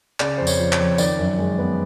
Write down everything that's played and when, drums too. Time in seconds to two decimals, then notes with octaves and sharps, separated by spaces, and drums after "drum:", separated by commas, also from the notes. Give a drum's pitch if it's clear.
0.20 C#3 D5, drum: clap
0.38 F2 C5
0.47 C#5, drum: tambourine
0.59 F3
0.72 C#5, drum: clap
0.79 F2
0.98 D#3 D5, drum: tambourine
1.19 F#2
1.38 G#3
1.58 B3